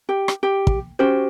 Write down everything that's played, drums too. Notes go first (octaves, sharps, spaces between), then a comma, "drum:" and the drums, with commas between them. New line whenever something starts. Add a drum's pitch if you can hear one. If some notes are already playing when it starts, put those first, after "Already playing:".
G4
drum: rim click
G4
drum: kick
C#4 F#4 G4 C5